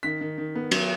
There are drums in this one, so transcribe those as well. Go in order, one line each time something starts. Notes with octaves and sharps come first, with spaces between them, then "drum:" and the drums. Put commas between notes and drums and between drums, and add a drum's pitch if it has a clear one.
D#3 B6
D#3
D#3
B3
F#3, drum: cymbal